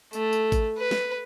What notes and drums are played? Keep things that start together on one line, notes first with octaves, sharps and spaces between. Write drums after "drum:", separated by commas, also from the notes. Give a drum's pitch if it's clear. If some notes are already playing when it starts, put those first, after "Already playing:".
A3, drum: tambourine
drum: tambourine
drum: kick G#1, tambourine
B4
drum: snare